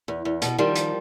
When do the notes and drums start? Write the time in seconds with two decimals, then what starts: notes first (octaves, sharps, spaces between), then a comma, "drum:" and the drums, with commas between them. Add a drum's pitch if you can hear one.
0.08 E2
0.25 E2
0.42 B2, drum: hi-hat
0.58 D#3 F3 G3
0.75 drum: hi-hat